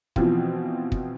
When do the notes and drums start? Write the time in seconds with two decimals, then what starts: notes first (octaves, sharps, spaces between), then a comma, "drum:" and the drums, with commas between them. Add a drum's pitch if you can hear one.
0.16 B2 E3 F3 C4 F4, drum: kick
0.92 drum: kick